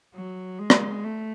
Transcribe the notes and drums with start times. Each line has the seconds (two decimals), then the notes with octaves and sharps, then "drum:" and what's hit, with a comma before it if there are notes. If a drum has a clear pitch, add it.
0.14 F#3
0.59 G#3
0.70 drum: rim click
1.04 A3